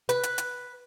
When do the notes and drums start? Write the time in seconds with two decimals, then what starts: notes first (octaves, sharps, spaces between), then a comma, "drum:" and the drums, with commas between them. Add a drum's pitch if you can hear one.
0.09 B4, drum: hi-hat
0.23 drum: hi-hat
0.38 drum: hi-hat